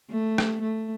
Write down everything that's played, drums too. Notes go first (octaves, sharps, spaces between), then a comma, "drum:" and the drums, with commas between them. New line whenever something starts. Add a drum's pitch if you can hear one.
A3
drum: rim click
A3